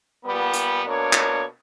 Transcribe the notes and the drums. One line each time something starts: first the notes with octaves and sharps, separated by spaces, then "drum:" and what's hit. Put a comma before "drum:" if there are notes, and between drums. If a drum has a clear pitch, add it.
A#2 G3 B3
drum: hi-hat
B2 A#3 D4 A#4 C#5
drum: clap